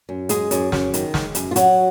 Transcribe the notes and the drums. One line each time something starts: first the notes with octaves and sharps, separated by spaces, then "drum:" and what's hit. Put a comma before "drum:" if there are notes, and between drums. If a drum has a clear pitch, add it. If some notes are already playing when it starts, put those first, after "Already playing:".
F#2
G#3 G#4, drum: hi-hat
F#2, drum: hi-hat
F#2, drum: snare
D#3, drum: hi-hat
G#3, drum: snare
F#2, drum: hi-hat
F4
F#3 F#4, drum: hi-hat